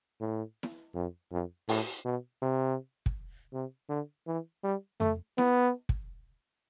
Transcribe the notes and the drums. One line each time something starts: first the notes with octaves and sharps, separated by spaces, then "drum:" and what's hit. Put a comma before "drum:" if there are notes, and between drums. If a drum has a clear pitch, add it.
A2
drum: snare E4
F2
F2
A2, drum: open hi-hat
B2
C3
drum: kick
C3
D3
E3
G3
A3, drum: tom F2
B3, drum: snare E4
drum: kick